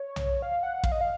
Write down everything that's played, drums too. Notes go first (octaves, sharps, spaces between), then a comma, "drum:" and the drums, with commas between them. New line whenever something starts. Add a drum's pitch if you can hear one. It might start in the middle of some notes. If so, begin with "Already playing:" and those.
Already playing: C#5
drum: tom B1
F5
F#5
F5, drum: kick
D#5
F5